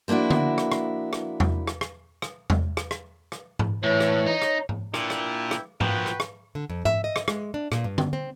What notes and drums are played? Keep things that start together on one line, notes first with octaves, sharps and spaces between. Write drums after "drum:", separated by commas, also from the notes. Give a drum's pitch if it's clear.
F3 A#3 D4 E4 F#4
drum: tom D3
drum: rim click
drum: rim click
drum: rim click
drum: tom E2
drum: rim click
drum: rim click
drum: rim click
drum: tom E2
drum: rim click
drum: rim click
drum: rim click
drum: tom G#2
A2 E3 C#5
drum: rim click
D#4
drum: rim click
drum: tom G#2
A#2 D4 E4 G5, drum: rim click
drum: rim click
drum: rim click
A#2 F3 F#4 B4 G5, drum: tom G#2
drum: rim click
drum: rim click
D3
F2
E5, drum: tom G#2
D#5
drum: rim click
G#3, drum: rim click
D4
A#2, drum: rim click
G2
drum: tom D3
C4